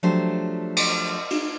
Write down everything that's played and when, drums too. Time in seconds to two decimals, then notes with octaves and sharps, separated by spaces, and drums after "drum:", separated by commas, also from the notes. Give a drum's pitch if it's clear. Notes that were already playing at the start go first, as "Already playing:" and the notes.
0.03 F3 F#3 A3 D4 G4 C5
0.77 drum: cymbal
1.30 drum: cymbal